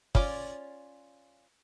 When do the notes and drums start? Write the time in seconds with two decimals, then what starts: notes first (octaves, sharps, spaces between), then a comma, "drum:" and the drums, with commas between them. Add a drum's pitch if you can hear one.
0.15 C#4 F4 D5, drum: kick